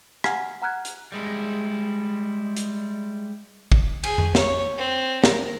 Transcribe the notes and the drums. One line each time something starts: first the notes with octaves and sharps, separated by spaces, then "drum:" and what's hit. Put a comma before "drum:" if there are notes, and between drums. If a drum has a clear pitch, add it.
F#5 G#5 A#5 F6 G#6 C7, drum: rim click
F#5 A#5 F6 F#6 G#6
drum: hi-hat
G3 G#3 E4
drum: hi-hat
drum: kick A1
G#4, drum: cymbal
drum: tom F2
C#5, drum: snare
C4
A#4, drum: snare